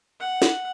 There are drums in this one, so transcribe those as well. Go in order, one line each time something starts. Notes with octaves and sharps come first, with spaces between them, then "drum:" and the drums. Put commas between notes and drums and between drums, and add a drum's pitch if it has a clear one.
F#5
drum: snare